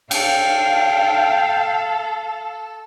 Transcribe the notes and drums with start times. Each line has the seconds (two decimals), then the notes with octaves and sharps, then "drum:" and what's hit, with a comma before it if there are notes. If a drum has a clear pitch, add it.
0.11 A4 F5 G5, drum: cymbal